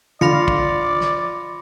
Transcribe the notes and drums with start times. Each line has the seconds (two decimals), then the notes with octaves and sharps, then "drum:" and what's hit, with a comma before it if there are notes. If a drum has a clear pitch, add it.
0.21 D3 F4 D5 B5 F6 A#6 C#7, drum: tom
0.48 drum: kick
1.01 drum: snare